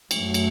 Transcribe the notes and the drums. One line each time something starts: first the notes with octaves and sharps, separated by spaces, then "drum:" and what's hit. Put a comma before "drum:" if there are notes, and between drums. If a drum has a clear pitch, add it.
F#2 F#3 A3, drum: cymbal
drum: cymbal